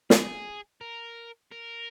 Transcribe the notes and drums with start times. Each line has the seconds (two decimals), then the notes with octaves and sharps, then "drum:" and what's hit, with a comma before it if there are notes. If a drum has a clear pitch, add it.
0.10 G#4, drum: snare
0.81 A#4
1.52 A#4